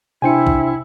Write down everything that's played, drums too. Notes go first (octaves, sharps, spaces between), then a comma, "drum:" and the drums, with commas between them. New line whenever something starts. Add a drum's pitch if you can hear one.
C3 D4 E4 C5 G5 G#5 C#7
drum: kick B1